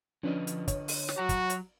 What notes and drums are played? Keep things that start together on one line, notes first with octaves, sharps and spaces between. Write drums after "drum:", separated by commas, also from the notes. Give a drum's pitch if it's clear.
D3 F3 C#4 D4 B4 D#5
drum: hi-hat
C#5, drum: kick, hi-hat
drum: open hi-hat
drum: snare
F#3 F#4 A#5
drum: kick, hi-hat
drum: hi-hat